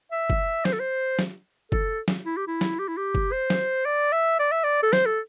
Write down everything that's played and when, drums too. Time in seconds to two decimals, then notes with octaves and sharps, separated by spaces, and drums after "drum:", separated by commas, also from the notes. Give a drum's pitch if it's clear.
0.12 E5
0.30 drum: kick
0.65 C5, drum: snare
0.73 A4
0.80 C5
1.19 drum: snare
1.72 A4, drum: kick
2.08 drum: snare
2.26 E4
2.37 G4
2.48 E4
2.61 drum: snare
2.79 G4
2.88 E4
2.97 G4
3.15 drum: kick
3.32 C5
3.50 drum: snare
3.86 D5
4.13 E5
4.39 D5
4.52 E5
4.64 D5
4.83 A4
4.93 C5, drum: snare
5.06 A4